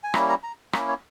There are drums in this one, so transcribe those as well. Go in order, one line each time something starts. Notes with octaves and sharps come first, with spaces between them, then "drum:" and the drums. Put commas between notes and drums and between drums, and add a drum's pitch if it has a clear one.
G#5
G3 A#3 C#4 E4 A#5, drum: rim click
A#5
A#5
A#3 C#4 E4 A#5, drum: rim click
C#5